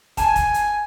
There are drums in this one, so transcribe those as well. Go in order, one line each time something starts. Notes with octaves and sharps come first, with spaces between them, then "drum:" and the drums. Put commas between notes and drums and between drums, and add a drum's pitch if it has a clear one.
G#5 A5, drum: kick, hi-hat
drum: kick, hi-hat
drum: hi-hat